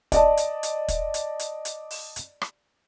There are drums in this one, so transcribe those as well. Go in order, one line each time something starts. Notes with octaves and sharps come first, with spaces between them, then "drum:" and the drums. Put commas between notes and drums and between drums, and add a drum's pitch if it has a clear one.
D5 D#5 A5, drum: kick, hi-hat
drum: hi-hat
drum: hi-hat
drum: kick, hi-hat
drum: hi-hat
drum: hi-hat
drum: hi-hat
drum: open hi-hat
drum: hi-hat
drum: rim click